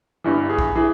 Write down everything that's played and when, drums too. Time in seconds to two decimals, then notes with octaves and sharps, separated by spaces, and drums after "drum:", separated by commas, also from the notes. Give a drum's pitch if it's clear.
0.24 G1 G2 E3
0.49 G#4
0.59 drum: kick
0.75 E3 G#4